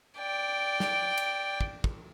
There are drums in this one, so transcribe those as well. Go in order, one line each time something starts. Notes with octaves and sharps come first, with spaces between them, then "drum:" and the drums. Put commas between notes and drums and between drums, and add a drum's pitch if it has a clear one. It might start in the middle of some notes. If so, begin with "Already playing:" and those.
D5 G5
drum: snare
drum: cymbal
drum: kick
drum: kick